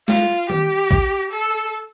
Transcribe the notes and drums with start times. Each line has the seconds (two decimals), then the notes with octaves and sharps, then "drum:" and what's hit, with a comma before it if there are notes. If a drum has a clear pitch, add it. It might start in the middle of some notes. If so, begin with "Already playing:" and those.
0.08 F4, drum: snare G#3
0.50 G4, drum: tom D#3
0.91 drum: kick
1.31 A4